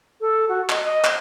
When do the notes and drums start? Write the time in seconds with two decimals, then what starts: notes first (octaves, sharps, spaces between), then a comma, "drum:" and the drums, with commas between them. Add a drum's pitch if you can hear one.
0.21 A4
0.49 F#4
0.69 D#5, drum: clap
0.83 D#5
1.04 drum: clap